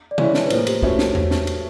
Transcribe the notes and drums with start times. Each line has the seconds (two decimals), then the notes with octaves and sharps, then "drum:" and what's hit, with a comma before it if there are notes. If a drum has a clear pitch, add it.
0.11 D5
0.18 E3 G#3 C#4 E4 C#5, drum: tom C3
0.34 drum: snare
0.46 B4
0.50 A2 F3 A#3 C5, drum: cymbal
0.67 G4, drum: cymbal
0.82 F3 A3 C#4 F#4, drum: kick
0.99 drum: snare
1.15 drum: tom E2
1.31 drum: snare
1.47 drum: cymbal